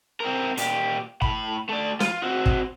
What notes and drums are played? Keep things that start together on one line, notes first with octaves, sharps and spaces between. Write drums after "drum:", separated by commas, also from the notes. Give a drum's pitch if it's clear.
C4 A#4
A#2 G4, drum: hi-hat
A2 B5, drum: kick
A3 D5
F4, drum: snare
C4 F#4
drum: kick